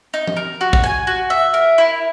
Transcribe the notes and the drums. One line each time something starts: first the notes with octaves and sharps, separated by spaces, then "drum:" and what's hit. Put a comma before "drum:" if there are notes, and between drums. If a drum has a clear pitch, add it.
D#4
drum: tom F3
A#4
F#4
drum: kick
G#5
F#4
E5
A#4
E4